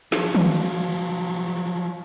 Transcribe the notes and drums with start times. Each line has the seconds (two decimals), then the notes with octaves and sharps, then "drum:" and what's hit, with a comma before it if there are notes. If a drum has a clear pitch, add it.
0.12 F3 F#3, drum: snare
0.35 drum: tom D#3